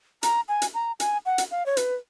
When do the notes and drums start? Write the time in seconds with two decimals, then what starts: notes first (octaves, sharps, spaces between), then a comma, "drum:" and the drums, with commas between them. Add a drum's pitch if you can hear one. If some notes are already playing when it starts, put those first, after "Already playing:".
0.23 A#5, drum: hi-hat
0.48 G#5
0.62 drum: hi-hat
0.74 A#5
1.00 G#5, drum: hi-hat
1.26 F#5
1.38 drum: hi-hat
1.51 F5
1.66 C#5
1.77 B4, drum: hi-hat